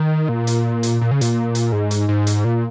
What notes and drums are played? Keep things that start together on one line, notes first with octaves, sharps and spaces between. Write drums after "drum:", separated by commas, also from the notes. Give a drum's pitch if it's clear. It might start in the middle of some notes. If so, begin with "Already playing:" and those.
Already playing: D#3
A#2
drum: hi-hat
drum: hi-hat
A#2
C#3
A#2, drum: hi-hat
drum: hi-hat
G#2
drum: hi-hat
G#2
drum: hi-hat
A#2